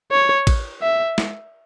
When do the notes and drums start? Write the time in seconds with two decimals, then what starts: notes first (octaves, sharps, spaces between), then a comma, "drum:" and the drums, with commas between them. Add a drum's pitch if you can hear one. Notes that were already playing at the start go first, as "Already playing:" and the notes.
0.11 C#5
0.47 drum: kick A1, cymbal
0.82 E5
1.18 drum: snare